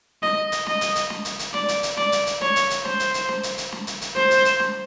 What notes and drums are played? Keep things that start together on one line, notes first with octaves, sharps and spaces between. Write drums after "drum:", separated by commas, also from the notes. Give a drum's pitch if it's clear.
D#5, drum: snare
drum: hi-hat
D#5, drum: snare
drum: hi-hat
drum: hi-hat
drum: snare
drum: hi-hat
drum: hi-hat
D5, drum: snare
drum: hi-hat
drum: hi-hat
D5, drum: snare
drum: hi-hat
drum: hi-hat
C#5, drum: snare
drum: hi-hat
drum: hi-hat
C5, drum: snare
drum: hi-hat
drum: hi-hat
drum: snare
drum: hi-hat
drum: hi-hat
drum: snare
drum: hi-hat
drum: hi-hat
C5, drum: snare
drum: hi-hat
drum: hi-hat
drum: snare